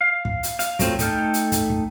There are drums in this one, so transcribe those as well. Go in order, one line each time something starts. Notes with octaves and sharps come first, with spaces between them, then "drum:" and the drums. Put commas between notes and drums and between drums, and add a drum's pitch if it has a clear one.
F5
drum: kick
drum: hi-hat
F5, drum: hi-hat
F#3 A3 C4 F4, drum: kick, hi-hat
A3 D#4 A4 G5 F6, drum: kick, hi-hat
drum: hi-hat
drum: kick, hi-hat
drum: kick